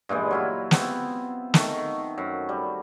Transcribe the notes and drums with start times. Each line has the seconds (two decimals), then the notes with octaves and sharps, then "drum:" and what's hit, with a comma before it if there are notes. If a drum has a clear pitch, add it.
0.09 G2 A#2 E3 G#3
0.31 F#3 E4 F4
0.71 B3 C4, drum: snare
1.54 D#3 A3, drum: snare
2.18 F#2
2.49 G3